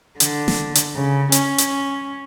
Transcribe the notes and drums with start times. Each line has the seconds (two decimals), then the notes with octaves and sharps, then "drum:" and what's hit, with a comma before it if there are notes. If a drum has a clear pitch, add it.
0.20 D3, drum: hi-hat
0.48 drum: snare
0.75 drum: hi-hat
0.95 C#3
1.32 C#4, drum: hi-hat
1.58 drum: hi-hat